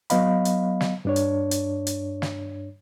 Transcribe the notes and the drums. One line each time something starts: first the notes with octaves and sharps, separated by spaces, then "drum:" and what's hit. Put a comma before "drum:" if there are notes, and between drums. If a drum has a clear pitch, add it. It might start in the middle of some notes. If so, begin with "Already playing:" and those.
F#3 B3 D#5 F5 B5, drum: hi-hat
drum: hi-hat
drum: snare
G2 D4 C#5
drum: hi-hat
drum: hi-hat
drum: hi-hat
drum: snare